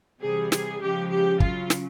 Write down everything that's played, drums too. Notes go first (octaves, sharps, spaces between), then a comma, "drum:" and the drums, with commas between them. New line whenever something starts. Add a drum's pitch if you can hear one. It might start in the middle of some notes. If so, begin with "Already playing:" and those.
C3 E3 G3 G#4
G#4, drum: snare
C#3 F3 G#3 G4
G4
C#3 F#3 F4, drum: kick
drum: snare